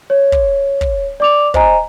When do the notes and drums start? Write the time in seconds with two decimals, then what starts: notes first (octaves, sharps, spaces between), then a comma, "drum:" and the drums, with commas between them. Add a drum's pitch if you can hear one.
0.10 C#5
0.32 drum: kick
0.81 drum: kick
1.20 D5 D6 F7
1.54 C5 D#5 G#5 A#5, drum: kick